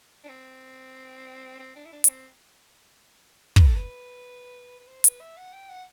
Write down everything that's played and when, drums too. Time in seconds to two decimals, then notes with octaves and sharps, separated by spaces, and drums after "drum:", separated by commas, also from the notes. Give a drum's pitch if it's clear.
0.24 D4
0.29 C4
1.59 C4
1.76 D4
1.85 E4
1.92 D4
2.04 D4, drum: hi-hat
2.08 C4
3.56 B4, drum: kick
3.66 A4
3.75 B4
4.79 B4
4.87 C5
5.04 B4, drum: hi-hat
5.20 E5
5.37 F#5
5.53 G5
5.69 F#5